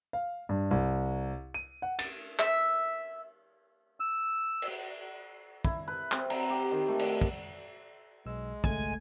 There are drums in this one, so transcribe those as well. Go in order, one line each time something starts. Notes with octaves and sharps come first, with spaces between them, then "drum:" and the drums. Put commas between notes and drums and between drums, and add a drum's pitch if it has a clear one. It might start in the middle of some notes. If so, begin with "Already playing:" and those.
F5
G2
C2
D#7
F#5
A6, drum: cymbal
E5, drum: clap
E6
drum: cymbal
E4, drum: kick
B4
C4, drum: clap
A#5, drum: cymbal
G4
D#3
A3
drum: cymbal
drum: kick
B1 G#3 E6
G#1 C#2 A3 G#5, drum: kick